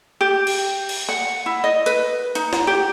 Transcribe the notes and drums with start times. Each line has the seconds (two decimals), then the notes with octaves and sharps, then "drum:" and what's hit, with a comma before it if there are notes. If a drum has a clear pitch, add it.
0.21 G4
0.47 drum: cymbal
0.89 drum: cymbal
1.09 F#5
1.46 E4
1.64 D#5
1.86 B4, drum: hi-hat
2.35 D#4, drum: hi-hat
2.53 drum: snare
2.67 G4